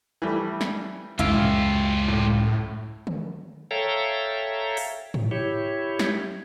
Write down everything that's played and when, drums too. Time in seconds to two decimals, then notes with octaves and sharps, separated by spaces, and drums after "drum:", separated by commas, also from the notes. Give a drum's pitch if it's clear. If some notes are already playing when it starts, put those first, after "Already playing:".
0.22 E3 G3 A3
0.61 drum: snare
1.19 C#2 F#2 E4 F4 G4 E5 F5, drum: hi-hat
1.33 drum: tom G#2
2.08 A2
3.07 drum: tom D3
3.71 A4 C#5 E5 F5 G5 A#5
4.77 drum: open hi-hat
5.14 drum: tom G#2
5.31 E4 G4 C#5
5.99 drum: snare